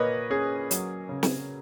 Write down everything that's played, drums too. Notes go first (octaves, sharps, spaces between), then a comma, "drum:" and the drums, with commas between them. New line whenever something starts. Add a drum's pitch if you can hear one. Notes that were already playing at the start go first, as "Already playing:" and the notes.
Already playing: A#2 A#3 B4 C#5 D#5
C#4 G#4
F#3, drum: hi-hat
C#3
drum: snare